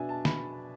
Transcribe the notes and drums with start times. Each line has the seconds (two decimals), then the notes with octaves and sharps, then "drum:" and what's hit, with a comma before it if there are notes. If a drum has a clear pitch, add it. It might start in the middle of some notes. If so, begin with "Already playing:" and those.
Already playing: B2 B3 D4 E5 G#5
0.09 A5
0.25 B5, drum: snare